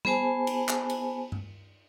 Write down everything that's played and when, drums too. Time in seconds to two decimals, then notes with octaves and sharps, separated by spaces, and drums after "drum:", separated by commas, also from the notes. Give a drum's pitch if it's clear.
0.05 B3 G#4 C5 G#5 A5, drum: tom G3
0.47 drum: cymbal
0.68 drum: clap
0.90 drum: cymbal
1.32 drum: tom G2